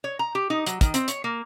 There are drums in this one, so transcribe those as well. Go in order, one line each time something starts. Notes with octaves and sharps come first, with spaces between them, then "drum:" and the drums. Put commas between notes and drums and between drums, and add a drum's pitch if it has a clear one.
C#5
A#5
G4
D#4
F#3, drum: hi-hat
D#3, drum: kick, hi-hat
C4, drum: hi-hat
C#5, drum: hi-hat
A#3